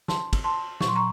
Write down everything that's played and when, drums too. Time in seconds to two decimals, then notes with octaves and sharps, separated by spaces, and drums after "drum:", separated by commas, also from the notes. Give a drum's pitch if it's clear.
0.08 A5 C6, drum: snare
0.33 drum: kick, cymbal
0.44 A5 C6
0.80 A#2 F#3 C#6, drum: snare
0.88 C6
0.96 A#5 C#6